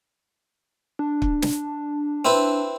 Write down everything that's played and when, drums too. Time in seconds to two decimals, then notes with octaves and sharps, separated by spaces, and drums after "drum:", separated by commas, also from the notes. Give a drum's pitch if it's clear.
0.99 D4
1.22 drum: kick
1.42 drum: snare
2.25 C4 E4 B4